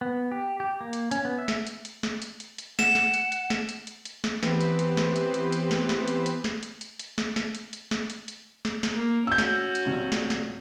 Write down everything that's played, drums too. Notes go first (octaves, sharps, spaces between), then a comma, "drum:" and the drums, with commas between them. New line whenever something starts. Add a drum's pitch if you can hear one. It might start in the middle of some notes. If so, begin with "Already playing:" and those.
B3
G4
G4
A#3
drum: hi-hat
C#4, drum: hi-hat
B3
E5
drum: snare
drum: hi-hat
drum: hi-hat
drum: snare
drum: hi-hat
drum: hi-hat
drum: hi-hat
F#5 E7, drum: snare
drum: snare
drum: hi-hat
drum: hi-hat
drum: snare
drum: hi-hat
drum: hi-hat
drum: hi-hat
drum: snare
E3 B3 C4 G4 B4 C5, drum: snare
drum: hi-hat
drum: hi-hat
drum: snare
drum: hi-hat
drum: hi-hat
drum: hi-hat
drum: snare
drum: snare
drum: hi-hat
drum: hi-hat
drum: snare
drum: hi-hat
drum: hi-hat
drum: hi-hat
drum: snare
drum: snare
drum: hi-hat
drum: hi-hat
drum: snare
drum: hi-hat
drum: hi-hat
drum: snare
drum: snare
A#3
C#4 F#4 E6 G6
drum: snare
drum: hi-hat
A#1 G2 C3
drum: snare
drum: snare